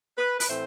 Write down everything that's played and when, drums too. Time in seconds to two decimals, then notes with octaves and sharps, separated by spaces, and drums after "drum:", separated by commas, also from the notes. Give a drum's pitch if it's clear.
0.18 B4
0.40 B4, drum: open hi-hat
0.49 A2 E3 A3 C4 C5